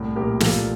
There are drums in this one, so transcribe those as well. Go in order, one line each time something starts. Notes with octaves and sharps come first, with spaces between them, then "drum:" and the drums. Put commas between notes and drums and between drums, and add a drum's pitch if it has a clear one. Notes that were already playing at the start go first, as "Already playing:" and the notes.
Already playing: C2 A2
A#1 G4 A#4
F3 F4 A4, drum: snare